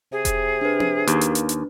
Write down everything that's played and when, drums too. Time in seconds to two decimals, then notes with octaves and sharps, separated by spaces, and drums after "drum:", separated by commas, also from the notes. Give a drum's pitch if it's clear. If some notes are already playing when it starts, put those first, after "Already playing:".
0.12 C3 G#4
0.25 drum: kick E1, hi-hat
0.61 D4 B4
0.80 drum: tom C4
1.08 D#2 A#3, drum: hi-hat
1.21 drum: hi-hat
1.35 drum: hi-hat
1.49 drum: hi-hat